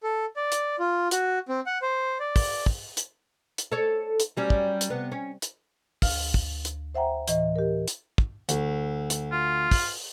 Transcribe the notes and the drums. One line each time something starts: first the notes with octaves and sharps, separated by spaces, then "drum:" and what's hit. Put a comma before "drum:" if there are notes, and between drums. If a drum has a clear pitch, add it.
A4
D5
drum: hi-hat
F4
F#4, drum: hi-hat
C4
F#5
C5
D5
drum: kick, open hi-hat
drum: kick
drum: hi-hat
drum: hi-hat
A4 C#5
drum: hi-hat
F#3 G3 C#4
drum: kick
drum: hi-hat
C3 B3
C#4
drum: hi-hat
D2 F5 F6, drum: kick, open hi-hat
drum: kick
drum: hi-hat
C5 E5 F#5 G5 A#5
A2 E3 D#5, drum: hi-hat
G4 A#4
drum: hi-hat
drum: kick
D2, drum: hi-hat
drum: hi-hat
F4
drum: kick, open hi-hat